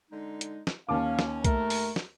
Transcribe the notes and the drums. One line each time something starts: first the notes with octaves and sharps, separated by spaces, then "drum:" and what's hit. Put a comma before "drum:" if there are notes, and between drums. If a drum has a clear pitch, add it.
D3 G#3 D#4
drum: hi-hat
drum: snare
D#2 C#4 F5 A5 D6
drum: snare
A3 A#4, drum: kick C2, hi-hat
drum: open hi-hat
drum: snare